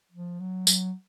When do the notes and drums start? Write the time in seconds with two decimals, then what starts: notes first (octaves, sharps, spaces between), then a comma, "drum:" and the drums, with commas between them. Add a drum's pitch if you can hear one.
0.12 F3
0.40 F#3
0.67 F#3, drum: tambourine